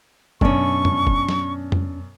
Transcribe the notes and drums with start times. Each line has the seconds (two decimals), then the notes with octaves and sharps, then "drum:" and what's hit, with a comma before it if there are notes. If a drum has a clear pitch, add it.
0.41 F#2 B2 C#4 D4 D5 C#6, drum: kick
0.85 drum: tom F2
1.07 drum: kick
1.29 drum: snare F#3
1.72 drum: tom F2